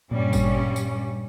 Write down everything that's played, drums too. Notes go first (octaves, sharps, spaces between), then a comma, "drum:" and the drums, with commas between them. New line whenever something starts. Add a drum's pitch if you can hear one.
G2 A#2 G3 C#4
drum: kick G#1, tambourine
drum: tambourine